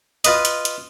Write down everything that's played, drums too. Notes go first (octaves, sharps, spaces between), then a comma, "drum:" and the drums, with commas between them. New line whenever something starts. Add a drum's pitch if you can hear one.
F4 B4 D#5, drum: hi-hat
drum: hi-hat
drum: hi-hat